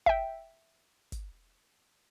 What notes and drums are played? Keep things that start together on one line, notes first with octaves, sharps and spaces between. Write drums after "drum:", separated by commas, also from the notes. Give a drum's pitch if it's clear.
E5 G5, drum: kick
drum: kick, hi-hat